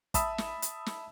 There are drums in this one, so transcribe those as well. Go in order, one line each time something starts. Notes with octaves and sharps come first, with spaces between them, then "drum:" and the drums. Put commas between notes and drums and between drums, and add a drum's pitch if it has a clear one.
E5 A5 B5 D#6 E6, drum: kick, hi-hat
drum: snare
drum: hi-hat
drum: snare